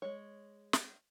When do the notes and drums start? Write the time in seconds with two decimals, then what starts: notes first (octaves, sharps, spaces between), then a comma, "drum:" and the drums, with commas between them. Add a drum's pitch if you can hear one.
0.02 G#3 C#5
0.73 drum: snare